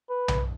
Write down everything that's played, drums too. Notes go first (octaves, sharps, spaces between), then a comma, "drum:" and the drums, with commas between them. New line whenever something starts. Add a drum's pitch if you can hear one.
B4
drum: tom B1